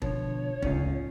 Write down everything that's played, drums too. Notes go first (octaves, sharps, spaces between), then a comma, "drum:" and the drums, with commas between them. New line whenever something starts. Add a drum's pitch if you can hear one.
B2 D3 F3 C#5, drum: kick
D1 C#2 C#4 D#4 F4, drum: kick